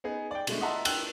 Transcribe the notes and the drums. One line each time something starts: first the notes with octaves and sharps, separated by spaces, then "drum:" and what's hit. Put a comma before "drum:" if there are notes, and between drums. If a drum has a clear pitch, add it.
B3 D#4 G#4
D5 G5
B2 D3 G#3 A3, drum: cymbal
D#5 E5 F#5 A5 A#5 C6
G5 E6 F#6, drum: cymbal